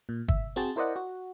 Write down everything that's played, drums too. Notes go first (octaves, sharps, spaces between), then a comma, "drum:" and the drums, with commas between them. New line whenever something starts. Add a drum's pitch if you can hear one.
A#2
E5, drum: kick G1
C4 F#4 G#4 C5 A5
E4 A#4 C5 D5 D#5 F#5
F#4